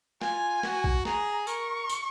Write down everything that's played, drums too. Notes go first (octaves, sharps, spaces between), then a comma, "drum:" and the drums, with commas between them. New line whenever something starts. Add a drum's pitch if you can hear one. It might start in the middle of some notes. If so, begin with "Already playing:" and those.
F4 G#5, drum: snare
F#4, drum: snare
drum: kick B1
G#4 A#5, drum: snare
A#4 C#6, drum: tambourine
drum: tambourine